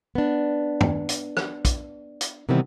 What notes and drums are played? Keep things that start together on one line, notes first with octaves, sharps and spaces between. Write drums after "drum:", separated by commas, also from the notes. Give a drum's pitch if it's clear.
B3 D4
drum: tom
drum: hi-hat
drum: rim click
drum: kick, hi-hat
drum: hi-hat
C3 D#3 E3 G3 B3 C4